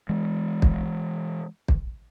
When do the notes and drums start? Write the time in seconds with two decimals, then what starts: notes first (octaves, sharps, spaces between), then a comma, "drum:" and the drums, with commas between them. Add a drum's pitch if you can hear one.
0.09 E3 G#3
0.62 drum: kick
1.68 drum: kick